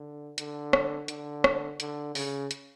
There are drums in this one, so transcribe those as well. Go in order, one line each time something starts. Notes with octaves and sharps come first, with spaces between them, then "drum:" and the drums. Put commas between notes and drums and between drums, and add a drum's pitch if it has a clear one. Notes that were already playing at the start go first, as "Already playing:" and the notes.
Already playing: D3
D3, drum: hi-hat
drum: rim click
D3, drum: hi-hat
drum: rim click
D3, drum: hi-hat
C#3, drum: open hi-hat
drum: hi-hat